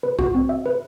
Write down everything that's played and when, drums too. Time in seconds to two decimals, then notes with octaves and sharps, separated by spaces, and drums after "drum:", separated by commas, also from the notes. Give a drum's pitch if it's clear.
0.03 B4
0.19 F#4, drum: kick B1
0.35 C4
0.49 E5
0.66 B4